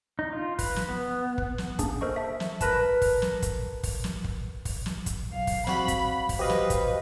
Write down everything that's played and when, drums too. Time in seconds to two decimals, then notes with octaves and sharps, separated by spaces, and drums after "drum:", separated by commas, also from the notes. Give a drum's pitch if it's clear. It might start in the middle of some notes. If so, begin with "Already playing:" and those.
0.19 D#4
0.33 F4
0.59 B4, drum: kick, open hi-hat
0.76 drum: snare
0.89 B3
1.38 drum: kick
1.58 drum: snare
1.79 A#3 C#4 D4 G#4, drum: kick, hi-hat
2.01 A4 A#4 C5 D#5 C#6
2.16 E5 A5
2.40 drum: snare
2.61 A#4 B4 A5, drum: kick, hi-hat
3.01 drum: kick, open hi-hat
3.22 drum: snare
3.42 drum: kick, hi-hat
3.83 drum: kick, open hi-hat
4.04 drum: snare
4.24 drum: kick
4.65 drum: kick, open hi-hat
4.86 drum: snare
5.06 drum: kick, hi-hat
5.33 B1 F5
5.47 drum: kick, open hi-hat
5.67 G3 C4 F#4 F5 B5, drum: snare
5.88 drum: kick, hi-hat
6.29 drum: kick, open hi-hat
6.39 F#4 G4 B4 C5 D#5 F5
6.49 drum: snare
6.70 drum: kick, hi-hat